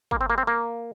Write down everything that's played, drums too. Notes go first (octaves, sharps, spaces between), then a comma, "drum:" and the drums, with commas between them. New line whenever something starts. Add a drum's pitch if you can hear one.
A#3, drum: kick
C4
A#3
C4
A#3